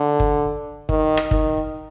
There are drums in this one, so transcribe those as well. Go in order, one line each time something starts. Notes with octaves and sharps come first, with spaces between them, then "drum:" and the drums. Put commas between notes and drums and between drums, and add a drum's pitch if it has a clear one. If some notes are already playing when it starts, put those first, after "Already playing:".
Already playing: D3
drum: kick
D#3, drum: kick
drum: rim click
D#3, drum: kick